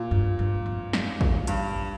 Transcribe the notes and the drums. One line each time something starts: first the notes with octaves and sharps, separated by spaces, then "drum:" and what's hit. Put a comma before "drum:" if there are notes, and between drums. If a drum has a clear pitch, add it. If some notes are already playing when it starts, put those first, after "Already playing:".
Already playing: A#2
G2
G2
F2
drum: snare
drum: kick
G2, drum: hi-hat